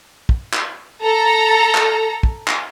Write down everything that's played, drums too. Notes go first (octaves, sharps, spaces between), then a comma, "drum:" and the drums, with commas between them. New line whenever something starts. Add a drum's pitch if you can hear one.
drum: kick
drum: clap
A4 A#5
drum: clap
drum: kick
drum: clap